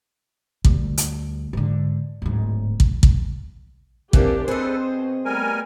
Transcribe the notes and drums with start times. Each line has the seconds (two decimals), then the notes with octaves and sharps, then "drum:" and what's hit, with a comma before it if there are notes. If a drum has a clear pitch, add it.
0.65 D2 G3, drum: kick
0.97 drum: hi-hat
1.53 G#2 D3
2.22 D1 G#2
2.80 drum: kick
3.03 drum: kick
4.13 E3 A#3 C4 D4 G4, drum: kick
4.48 C4 G#4 A4 B4 C5 D#5
4.93 B2
5.25 G3 A3 B3 A#4 G#5